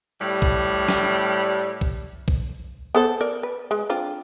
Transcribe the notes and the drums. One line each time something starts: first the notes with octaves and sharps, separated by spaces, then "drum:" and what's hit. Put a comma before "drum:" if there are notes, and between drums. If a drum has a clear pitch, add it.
A2 G3
drum: kick A#1
drum: snare
drum: kick A#1
drum: kick A#1
B3 A4 C5
A#4 D5
B4
G#3
C4 D4 F4